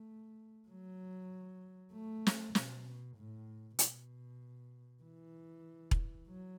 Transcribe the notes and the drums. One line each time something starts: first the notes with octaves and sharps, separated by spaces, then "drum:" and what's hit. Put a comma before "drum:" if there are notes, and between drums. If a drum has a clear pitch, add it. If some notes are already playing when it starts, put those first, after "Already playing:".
Already playing: A3
F#3
A3
drum: snare
B2, drum: snare
A2
B2, drum: hi-hat
E3
drum: kick E1
F#3